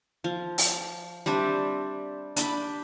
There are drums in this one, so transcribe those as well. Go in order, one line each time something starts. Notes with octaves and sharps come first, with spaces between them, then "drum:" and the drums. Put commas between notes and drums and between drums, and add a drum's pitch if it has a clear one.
F3
drum: open hi-hat
G3 C4 D4 E5
D4 G5 B5, drum: hi-hat